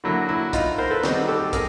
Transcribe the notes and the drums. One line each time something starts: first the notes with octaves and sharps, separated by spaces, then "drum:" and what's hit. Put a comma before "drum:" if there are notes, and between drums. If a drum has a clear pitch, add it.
D3 F#3 A#3 E4
E4
D#4 F4, drum: kick, hi-hat
A#4 C5
A4 B4
D#3 G3 C4 D#4 F#4 G#4, drum: snare
G4 A4
G#4 A#4, drum: kick, hi-hat